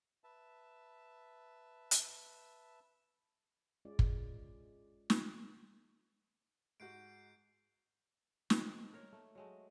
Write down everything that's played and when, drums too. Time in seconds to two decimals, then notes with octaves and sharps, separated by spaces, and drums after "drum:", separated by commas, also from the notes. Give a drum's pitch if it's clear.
0.24 B4 E5 A5
1.91 drum: hi-hat
3.85 G#3 C#4 F4 D5
3.99 drum: kick
5.10 drum: snare
6.80 G#2 F#4 G6 C7 D7
8.50 C4 D#4 F#4 A4, drum: snare
8.93 A#4 C#5
9.12 A3
9.35 F#3 G#3 A3